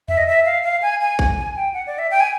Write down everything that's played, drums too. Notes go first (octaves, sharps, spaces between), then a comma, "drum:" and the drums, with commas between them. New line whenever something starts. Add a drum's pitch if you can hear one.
E5, drum: tom E2
D#5
E5
F5
F5
G#5
G#5
drum: kick A#1
G#5
G5
F#5
D5
E5
G5
G#5